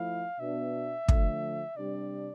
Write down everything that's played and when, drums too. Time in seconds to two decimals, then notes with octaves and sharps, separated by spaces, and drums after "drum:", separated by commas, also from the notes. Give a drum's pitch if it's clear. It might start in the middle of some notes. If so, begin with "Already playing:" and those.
Already playing: F3 A3 E4 F5
0.39 B2 B3 D4 E5
1.08 D3 F3 A3, drum: kick
1.77 C3 G3 D4 D5